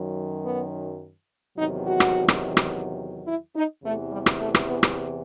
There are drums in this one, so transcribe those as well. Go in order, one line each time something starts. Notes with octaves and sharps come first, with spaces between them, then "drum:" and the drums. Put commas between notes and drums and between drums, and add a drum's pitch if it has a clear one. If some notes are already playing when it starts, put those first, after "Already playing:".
Already playing: F#2 D#3 F#3
B3
E2 C3 D#3 F#3 D#4
F#4
drum: rim click
drum: rim click
drum: rim click
E4
D#4
E2 C3 E3 A3
G3
drum: rim click
A3
drum: rim click
B3
drum: rim click